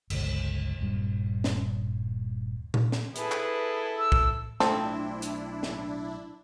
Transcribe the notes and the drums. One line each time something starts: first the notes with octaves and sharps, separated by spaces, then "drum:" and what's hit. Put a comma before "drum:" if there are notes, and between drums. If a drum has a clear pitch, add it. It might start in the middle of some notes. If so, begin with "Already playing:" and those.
G1 C#2, drum: cymbal
D#1 G2 G3
drum: snare
drum: tom A#2
drum: snare
E4 G#4 A4 B4, drum: hi-hat
drum: clap
E6
drum: kick
B1 F3 A3 C4 D4 E4 A4 G5, drum: snare
drum: hi-hat
drum: snare